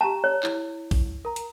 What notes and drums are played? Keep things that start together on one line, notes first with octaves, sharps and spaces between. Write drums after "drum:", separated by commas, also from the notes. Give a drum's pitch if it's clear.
G4 A5 A#5 E7
C#5
E4, drum: clap
drum: kick A#1, open hi-hat
A#4 A#5
drum: hi-hat